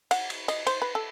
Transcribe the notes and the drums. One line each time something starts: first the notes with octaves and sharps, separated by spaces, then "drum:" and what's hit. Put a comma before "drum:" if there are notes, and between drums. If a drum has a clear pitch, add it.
F#5, drum: cymbal
drum: cymbal
D#5, drum: cymbal
C5, drum: cymbal
B4
A4